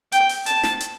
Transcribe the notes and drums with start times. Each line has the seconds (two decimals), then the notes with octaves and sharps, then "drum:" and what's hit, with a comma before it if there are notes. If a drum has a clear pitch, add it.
0.12 G5, drum: hi-hat
0.29 drum: open hi-hat
0.46 A5, drum: hi-hat
0.63 drum: snare
0.80 drum: hi-hat